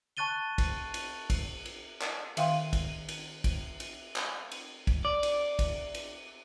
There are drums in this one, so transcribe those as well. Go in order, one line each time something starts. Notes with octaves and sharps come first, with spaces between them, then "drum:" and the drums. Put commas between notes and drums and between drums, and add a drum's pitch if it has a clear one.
A5 C#6 F#6 A6 D#7 G7
drum: kick, cymbal
drum: cymbal
drum: kick, cymbal
drum: cymbal
drum: clap
D#3 E5 F5 G5 C6, drum: cymbal
drum: kick, cymbal
drum: cymbal
drum: kick, cymbal
drum: cymbal
drum: clap
drum: cymbal
drum: kick, cymbal
D5
drum: cymbal
drum: kick, cymbal
drum: cymbal